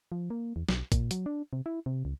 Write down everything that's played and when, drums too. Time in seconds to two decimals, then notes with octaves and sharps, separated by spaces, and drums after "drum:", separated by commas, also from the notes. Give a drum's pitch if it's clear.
0.12 F3
0.30 A#3
0.56 E2
0.69 B1, drum: snare
0.92 A#2, drum: kick A1, hi-hat
1.11 F#3, drum: hi-hat
1.26 D4
1.53 C3
1.66 E4
1.86 C3
2.05 C#2